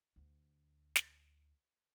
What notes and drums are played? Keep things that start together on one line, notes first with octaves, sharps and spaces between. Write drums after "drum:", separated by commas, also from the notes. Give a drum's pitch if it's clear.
D2 D3
drum: snare